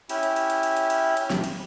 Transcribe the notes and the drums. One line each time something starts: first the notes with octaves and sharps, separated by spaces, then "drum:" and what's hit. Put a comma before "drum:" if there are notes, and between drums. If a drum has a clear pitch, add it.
C#4 E4 G4, drum: cymbal
drum: cymbal
drum: cymbal
drum: cymbal
drum: cymbal
drum: cymbal
drum: cymbal
drum: cymbal
drum: snare
drum: cymbal